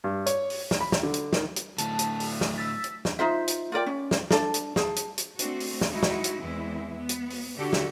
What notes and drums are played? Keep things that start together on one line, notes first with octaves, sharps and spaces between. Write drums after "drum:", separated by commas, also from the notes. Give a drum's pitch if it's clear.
G2
C#5, drum: hi-hat
drum: open hi-hat
drum: snare
B5
drum: snare
D3
drum: hi-hat
D#3, drum: snare
drum: hi-hat
D2 A2 A5, drum: hi-hat
drum: hi-hat
drum: open hi-hat
drum: snare
E6 A6 B6
drum: hi-hat
drum: snare
D#4 F4 C5 E5
drum: hi-hat
F4 A#4 D5 G5
C#4
drum: snare
D4 A4, drum: snare
drum: hi-hat
G#4 A5, drum: snare
drum: hi-hat
drum: hi-hat
A3 C4 D4 F#4, drum: hi-hat
drum: open hi-hat
drum: snare
G#3 D#4 E4 F#4
drum: snare
drum: hi-hat
E2 E3 G#3 C4 E4 E5
B3
drum: hi-hat
drum: open hi-hat
D3 F#4 G4 A4
drum: snare